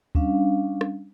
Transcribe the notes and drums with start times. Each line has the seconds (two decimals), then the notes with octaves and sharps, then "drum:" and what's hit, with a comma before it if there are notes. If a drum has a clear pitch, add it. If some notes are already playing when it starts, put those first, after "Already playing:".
0.15 G3 C#4 D4 F5, drum: kick D2
0.81 drum: rim click